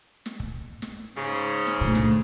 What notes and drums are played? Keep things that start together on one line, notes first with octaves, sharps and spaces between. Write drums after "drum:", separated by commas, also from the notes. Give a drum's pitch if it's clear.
drum: snare
drum: kick
drum: snare
G#2 C#3
drum: snare
D2 A#2
drum: snare